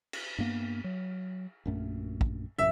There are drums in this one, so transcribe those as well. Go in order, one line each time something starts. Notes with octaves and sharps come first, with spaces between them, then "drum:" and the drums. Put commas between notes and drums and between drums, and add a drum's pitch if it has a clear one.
drum: cymbal
G2 A#3 B3
F#3
A#1 F#2 A3
drum: kick
A1 F#2 C#3 E5